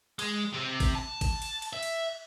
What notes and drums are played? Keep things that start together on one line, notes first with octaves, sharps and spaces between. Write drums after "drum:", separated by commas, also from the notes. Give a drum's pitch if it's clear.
G#3, drum: cymbal
C3
drum: kick G#1, cymbal
A5
drum: kick G#1, cymbal
drum: cymbal
drum: cymbal
E5
drum: cymbal